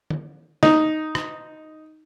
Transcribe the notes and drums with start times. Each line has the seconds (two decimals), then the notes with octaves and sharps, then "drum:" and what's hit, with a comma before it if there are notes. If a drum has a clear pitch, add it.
0.10 drum: tom
0.63 D#4, drum: snare
1.15 drum: rim click